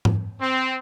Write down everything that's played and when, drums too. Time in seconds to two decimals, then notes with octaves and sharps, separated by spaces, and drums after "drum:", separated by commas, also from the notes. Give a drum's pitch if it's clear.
0.05 drum: tom G#2
0.40 C4